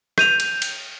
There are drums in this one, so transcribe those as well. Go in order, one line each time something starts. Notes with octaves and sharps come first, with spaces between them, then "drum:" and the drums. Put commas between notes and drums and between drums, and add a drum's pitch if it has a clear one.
G6 D#7 F7, drum: rim click
drum: cymbal
drum: cymbal